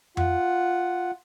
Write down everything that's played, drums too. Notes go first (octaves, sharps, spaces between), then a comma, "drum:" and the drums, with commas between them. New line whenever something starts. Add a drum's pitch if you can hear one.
F4 F#5, drum: tom F2